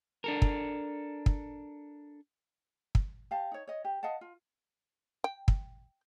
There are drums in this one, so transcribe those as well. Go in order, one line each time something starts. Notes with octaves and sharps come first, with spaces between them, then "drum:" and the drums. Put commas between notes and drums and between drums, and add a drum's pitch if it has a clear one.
D4 A4 A#4
drum: kick
drum: kick
drum: kick
G4 F5 A5
D#4 C#5
C#5 D#5
G4
D#5 F5 F#5 A5
F4
G5
drum: kick